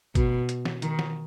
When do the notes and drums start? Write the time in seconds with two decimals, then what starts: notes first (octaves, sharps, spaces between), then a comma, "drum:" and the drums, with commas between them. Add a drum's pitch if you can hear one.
0.15 B2, drum: kick G#1, hi-hat
0.49 drum: hi-hat
0.65 drum: snare
0.82 D#3, drum: hi-hat
0.99 drum: snare